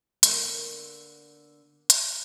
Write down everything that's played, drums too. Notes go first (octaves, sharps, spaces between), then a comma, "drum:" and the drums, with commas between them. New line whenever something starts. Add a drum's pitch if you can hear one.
D3 A#3 B3 A#4, drum: hi-hat
drum: hi-hat